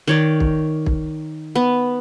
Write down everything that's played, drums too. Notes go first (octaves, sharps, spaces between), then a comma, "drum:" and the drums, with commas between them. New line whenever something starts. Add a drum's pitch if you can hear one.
D#3 C#5 D5
drum: kick
drum: kick
B3